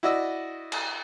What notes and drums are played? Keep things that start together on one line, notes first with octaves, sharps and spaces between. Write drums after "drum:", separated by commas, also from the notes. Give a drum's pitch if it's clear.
E4 F#4 D5 D#5 E6
drum: cymbal